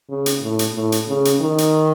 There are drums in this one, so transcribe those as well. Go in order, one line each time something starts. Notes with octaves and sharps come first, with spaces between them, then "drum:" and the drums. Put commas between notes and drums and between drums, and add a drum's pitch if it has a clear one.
C#3
drum: hi-hat
A2
drum: hi-hat
A2
drum: hi-hat
C#3
drum: hi-hat
D#3
drum: hi-hat